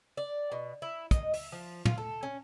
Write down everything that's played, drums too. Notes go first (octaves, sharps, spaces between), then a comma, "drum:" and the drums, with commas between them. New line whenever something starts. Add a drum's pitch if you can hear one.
D5
B2
E4
D#5, drum: kick, hi-hat
E5, drum: open hi-hat
F3
F4, drum: tom
A4
C#4